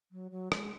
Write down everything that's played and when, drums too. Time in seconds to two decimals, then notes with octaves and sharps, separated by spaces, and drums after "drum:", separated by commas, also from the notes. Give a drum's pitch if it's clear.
0.12 F#3
0.31 F#3
0.52 G#3, drum: rim click